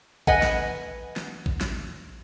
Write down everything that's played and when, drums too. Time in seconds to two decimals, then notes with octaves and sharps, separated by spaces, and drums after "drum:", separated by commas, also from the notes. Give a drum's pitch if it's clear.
0.27 B4 D#5 F#5 G#5, drum: kick A1
0.42 drum: snare
1.16 drum: snare
1.46 drum: kick A1
1.61 drum: snare